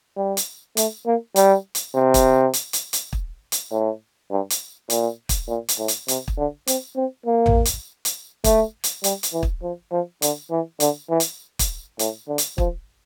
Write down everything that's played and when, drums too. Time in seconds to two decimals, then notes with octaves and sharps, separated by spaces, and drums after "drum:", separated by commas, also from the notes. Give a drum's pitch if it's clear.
0.17 G3
0.37 drum: hi-hat
0.77 A3, drum: hi-hat
1.06 A#3
1.36 G3, drum: hi-hat
1.75 drum: hi-hat
1.94 C3
2.14 drum: kick, hi-hat
2.53 drum: hi-hat
2.73 drum: hi-hat
2.93 drum: hi-hat
3.13 drum: kick
3.52 drum: hi-hat
3.71 A2
4.31 G2
4.50 drum: hi-hat
4.90 A#2, drum: hi-hat
5.29 drum: kick, hi-hat
5.49 A#2
5.69 drum: hi-hat
5.79 A2
5.88 drum: hi-hat
6.08 C3, drum: hi-hat
6.28 drum: kick
6.37 D3
6.67 C4, drum: hi-hat
6.96 C4
7.26 A#3
7.46 drum: tom A1
7.65 drum: hi-hat
8.05 drum: hi-hat
8.44 A3, drum: kick, hi-hat
8.84 drum: hi-hat
9.04 G3, drum: hi-hat
9.23 drum: hi-hat
9.33 E3
9.43 drum: kick
9.62 F3
9.91 F3
10.22 D3, drum: hi-hat
10.51 E3
10.80 D3, drum: hi-hat
11.10 E3
11.20 drum: hi-hat
11.59 drum: kick, hi-hat
11.99 A2, drum: hi-hat
12.28 D3
12.38 drum: hi-hat
12.58 F3, drum: kick